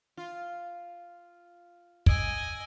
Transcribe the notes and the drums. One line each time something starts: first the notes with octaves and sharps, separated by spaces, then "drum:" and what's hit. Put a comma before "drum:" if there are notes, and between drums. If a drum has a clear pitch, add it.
F4
D#5 G#5 E6 G#6 D7, drum: kick